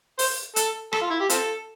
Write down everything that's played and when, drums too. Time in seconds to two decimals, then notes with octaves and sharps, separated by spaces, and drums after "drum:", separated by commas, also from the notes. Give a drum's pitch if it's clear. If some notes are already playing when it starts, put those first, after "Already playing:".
0.19 C5, drum: open hi-hat
0.56 A4, drum: hi-hat
0.93 A4, drum: rim click
1.02 F4
1.11 E4
1.20 G4
1.30 C4 F4 A4, drum: hi-hat